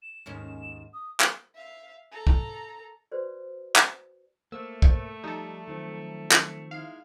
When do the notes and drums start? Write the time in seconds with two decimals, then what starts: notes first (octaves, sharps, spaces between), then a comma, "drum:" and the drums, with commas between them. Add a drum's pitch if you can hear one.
0.02 E7
0.26 D#2 G#2 C#4
0.93 D#6
1.20 drum: clap
1.55 E5 F5
2.12 A4 A#5
2.27 drum: kick
3.12 F#4 B4 C5 D5
3.76 drum: clap
4.52 A3 A#3 C5 E6
4.82 drum: kick
5.23 F3 G3 D#4 A4
5.68 D#3 F3 F#3 C4
6.32 drum: clap
6.71 A#2 G#3 D#4 E4 F5